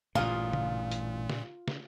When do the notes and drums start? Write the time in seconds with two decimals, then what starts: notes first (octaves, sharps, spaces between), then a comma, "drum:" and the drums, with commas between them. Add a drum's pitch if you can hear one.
0.15 A1 G2 A#2 A#3 F4 G#4, drum: snare
0.53 drum: tom C#3
0.91 drum: hi-hat
1.30 drum: snare
1.68 drum: snare